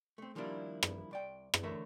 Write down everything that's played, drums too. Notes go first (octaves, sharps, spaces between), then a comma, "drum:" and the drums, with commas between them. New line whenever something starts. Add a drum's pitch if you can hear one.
A3 C4
D#3 F3 G3 A#3 D4 E4
drum: rim click
C2 D5 G5
drum: rim click
D3 E3 A3 A#4 C#5 E5